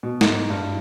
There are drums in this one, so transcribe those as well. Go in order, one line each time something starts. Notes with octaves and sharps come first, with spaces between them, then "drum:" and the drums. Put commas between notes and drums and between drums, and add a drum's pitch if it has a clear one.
B2
G#2, drum: snare
G2